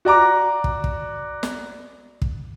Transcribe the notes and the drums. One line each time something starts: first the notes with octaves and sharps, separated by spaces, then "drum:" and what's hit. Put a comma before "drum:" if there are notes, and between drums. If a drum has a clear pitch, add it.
F#4 D5 A#5 D6
drum: kick
drum: kick
drum: snare
drum: kick